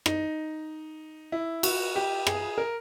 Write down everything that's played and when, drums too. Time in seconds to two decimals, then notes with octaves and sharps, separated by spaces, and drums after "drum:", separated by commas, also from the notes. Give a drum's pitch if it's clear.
0.06 D#4, drum: rim click
1.32 E4
1.63 F#4, drum: cymbal
1.96 G4
2.27 G#4, drum: rim click
2.58 A#4